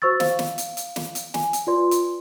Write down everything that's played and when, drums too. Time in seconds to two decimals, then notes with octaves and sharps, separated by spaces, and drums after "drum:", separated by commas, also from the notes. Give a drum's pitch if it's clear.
0.02 F#4 C5 C#6 E6 A6
0.20 F5, drum: snare
0.39 drum: snare
0.58 drum: hi-hat
0.77 drum: hi-hat
0.96 drum: snare
1.15 drum: hi-hat
1.34 G#5, drum: snare
1.53 drum: hi-hat
1.67 F4 B4 D5 C6
1.91 drum: hi-hat